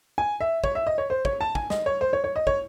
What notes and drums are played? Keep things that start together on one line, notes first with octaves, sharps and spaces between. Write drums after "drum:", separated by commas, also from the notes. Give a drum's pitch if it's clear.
G#5
E5
C#5, drum: kick
E5
D#5
C#5
C5
C#5, drum: kick
A5
G#5, drum: kick
D#5, drum: snare
C#5
C5
C#5
C#5
D#5
C#5, drum: kick